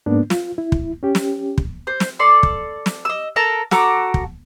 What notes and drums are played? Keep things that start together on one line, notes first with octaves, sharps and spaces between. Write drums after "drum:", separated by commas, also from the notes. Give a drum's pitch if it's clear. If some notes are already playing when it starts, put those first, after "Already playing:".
G#2 A#3 B3 D4
F4, drum: snare
E4
drum: kick
C#4 G4
drum: snare
drum: kick
C5
drum: snare
A4 D5 C6
drum: kick
drum: snare
D#5 E6
A4 A#4 A5 A#5
F#4 A4 A#5 D6, drum: snare
drum: kick